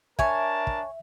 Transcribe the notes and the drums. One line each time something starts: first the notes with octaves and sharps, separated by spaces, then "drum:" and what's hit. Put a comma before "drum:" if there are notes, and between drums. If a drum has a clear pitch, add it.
D4 A#4 C#5 E5 G#5 A5, drum: kick
drum: kick